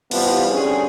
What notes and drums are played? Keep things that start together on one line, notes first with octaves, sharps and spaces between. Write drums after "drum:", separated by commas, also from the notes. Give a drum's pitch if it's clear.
C3 E3 F3 G3 B3, drum: cymbal
G2 D3 C4 C#4 G#4